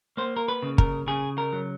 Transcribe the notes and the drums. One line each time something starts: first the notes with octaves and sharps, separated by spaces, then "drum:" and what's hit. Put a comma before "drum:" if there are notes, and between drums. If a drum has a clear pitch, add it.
A#3 C5
A#4
B4
C#3
A#4, drum: kick
C#3 G#4
A#4
F#3